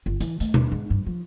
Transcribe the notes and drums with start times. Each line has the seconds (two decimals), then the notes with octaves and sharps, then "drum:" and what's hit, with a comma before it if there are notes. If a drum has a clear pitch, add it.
0.06 G1
0.20 E3, drum: hi-hat
0.40 A3, drum: hi-hat
0.54 D#2, drum: tom B2
0.72 G#2
0.90 G2
1.06 F3